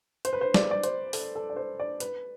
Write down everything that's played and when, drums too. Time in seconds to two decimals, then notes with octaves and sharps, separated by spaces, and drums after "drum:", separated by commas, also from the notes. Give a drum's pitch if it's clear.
0.25 C5, drum: hi-hat
0.33 B4
0.41 C5
0.54 D5, drum: snare
0.71 D5
0.83 C5, drum: hi-hat
1.13 A4, drum: open hi-hat
1.35 A4
1.50 D5
1.56 C5
1.80 D5
2.00 B4, drum: hi-hat